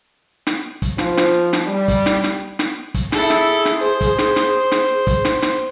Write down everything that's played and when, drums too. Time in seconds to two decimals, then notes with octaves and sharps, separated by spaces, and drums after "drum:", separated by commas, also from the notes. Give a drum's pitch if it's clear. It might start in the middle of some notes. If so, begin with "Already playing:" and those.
0.47 drum: snare
0.82 drum: kick, hi-hat
0.98 F3, drum: snare
1.17 drum: snare
1.53 drum: snare
1.67 G3
1.88 drum: kick, hi-hat
2.06 drum: snare
2.24 drum: snare
2.59 drum: snare
2.94 drum: kick, hi-hat
3.12 E4 G#4 A4, drum: snare
3.30 drum: snare
3.65 drum: snare
3.78 C5
4.01 drum: kick, hi-hat
4.18 drum: snare
4.36 drum: snare
4.72 drum: snare
5.07 drum: kick, hi-hat
5.25 drum: snare
5.42 drum: snare